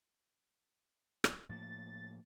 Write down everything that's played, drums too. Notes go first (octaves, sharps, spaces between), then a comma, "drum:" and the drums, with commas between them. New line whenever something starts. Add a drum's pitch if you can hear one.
drum: rim click
A2 F3 A#3 A6